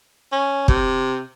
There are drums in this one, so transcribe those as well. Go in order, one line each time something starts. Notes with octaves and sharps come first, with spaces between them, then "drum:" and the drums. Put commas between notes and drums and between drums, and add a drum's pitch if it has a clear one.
C#4
C3, drum: kick